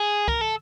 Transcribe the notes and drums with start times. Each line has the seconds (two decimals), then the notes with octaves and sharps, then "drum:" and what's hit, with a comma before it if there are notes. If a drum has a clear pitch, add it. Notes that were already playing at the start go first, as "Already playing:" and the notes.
Already playing: G#4
0.28 A#4, drum: kick C2
0.41 A4